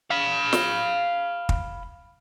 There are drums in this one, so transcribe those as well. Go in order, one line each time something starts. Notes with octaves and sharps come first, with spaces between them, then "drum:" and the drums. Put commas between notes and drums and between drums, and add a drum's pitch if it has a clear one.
F5 B5
drum: snare
drum: kick